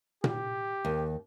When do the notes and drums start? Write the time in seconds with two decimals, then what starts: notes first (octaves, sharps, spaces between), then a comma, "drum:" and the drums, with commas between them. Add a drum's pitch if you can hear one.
0.24 G4, drum: tom A#2
0.85 D#2